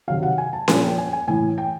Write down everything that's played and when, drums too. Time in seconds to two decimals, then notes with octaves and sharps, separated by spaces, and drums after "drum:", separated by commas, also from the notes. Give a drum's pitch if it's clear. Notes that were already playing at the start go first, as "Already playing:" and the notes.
0.08 C3 D#3 F#3 F5
0.23 F#5
0.38 G#5
0.53 A5
0.68 A#2 F3 G#5, drum: snare C#4
0.83 G5
0.98 G#5
1.13 G#5
1.28 A2 E3 G#5
1.58 G5